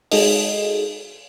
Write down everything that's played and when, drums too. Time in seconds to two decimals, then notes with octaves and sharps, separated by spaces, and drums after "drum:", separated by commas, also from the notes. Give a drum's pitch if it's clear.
0.11 G#3 D#4 F#4 G#4 A4 D#5, drum: open hi-hat